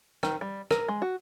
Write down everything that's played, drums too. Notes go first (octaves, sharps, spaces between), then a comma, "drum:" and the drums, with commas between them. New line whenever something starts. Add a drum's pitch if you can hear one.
D#3, drum: rim click
G3
A#4, drum: rim click
G#3
F#4